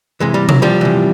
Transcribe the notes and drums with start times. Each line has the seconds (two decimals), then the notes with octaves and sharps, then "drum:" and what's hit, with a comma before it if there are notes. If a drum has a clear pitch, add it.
0.20 C3 E3 G#3
0.34 G3
0.49 F#3, drum: tom C3
0.62 F3 G3
0.81 C3 E3